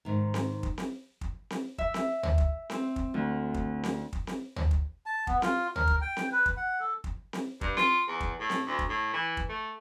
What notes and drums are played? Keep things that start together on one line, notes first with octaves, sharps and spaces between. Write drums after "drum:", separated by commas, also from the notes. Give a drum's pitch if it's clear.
G#2 D#3
drum: snare C4
drum: kick
drum: snare C4
drum: kick
drum: snare C4
E5, drum: kick
drum: snare C4
drum: tom
drum: kick
C4, drum: snare C4
drum: kick
D2
drum: kick
drum: snare C4
drum: kick
drum: snare C4
drum: tom
drum: kick
A5
B3, drum: kick
F4, drum: snare C4
A#4, drum: tom
drum: kick
G5
drum: snare C4
B4
drum: kick
F#5
A4
drum: kick
drum: snare C4
G2, drum: kick
F4, drum: snare C4
E2
drum: kick
A2
drum: snare C4
D2
drum: kick
A2
E3
drum: kick
A3